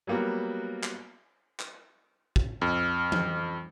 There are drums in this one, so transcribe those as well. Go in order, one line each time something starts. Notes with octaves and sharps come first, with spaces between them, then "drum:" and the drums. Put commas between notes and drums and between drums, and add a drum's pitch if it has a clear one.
F#3 G3 A#3 B3 F#4
drum: clap
drum: clap
drum: kick
F2 F6
drum: tom E3